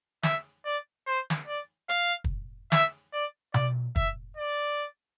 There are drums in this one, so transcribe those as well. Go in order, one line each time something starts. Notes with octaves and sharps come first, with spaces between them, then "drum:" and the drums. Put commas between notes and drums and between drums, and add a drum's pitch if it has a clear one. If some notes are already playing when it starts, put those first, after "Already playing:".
E5, drum: snare
D5
C5
drum: snare
D5
F5, drum: hi-hat
drum: kick
E5, drum: snare
D5
D5, drum: tom B2
E5, drum: kick
D5